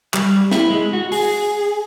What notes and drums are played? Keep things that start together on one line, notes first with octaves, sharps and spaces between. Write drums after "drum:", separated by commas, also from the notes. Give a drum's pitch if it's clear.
G3, drum: clap
E4, drum: snare
G#3
F#4
G#4, drum: open hi-hat